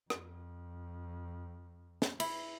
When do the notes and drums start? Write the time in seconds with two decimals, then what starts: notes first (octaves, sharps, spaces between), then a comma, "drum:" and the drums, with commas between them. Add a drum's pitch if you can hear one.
0.10 F2, drum: rim click
2.02 drum: snare
2.20 E4, drum: cymbal